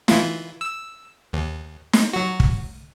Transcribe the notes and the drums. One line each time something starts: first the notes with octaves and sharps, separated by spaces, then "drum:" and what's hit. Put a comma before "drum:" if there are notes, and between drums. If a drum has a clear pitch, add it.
E3 E4 F4, drum: snare
E6
D#2
drum: snare
F#3 F#4
drum: kick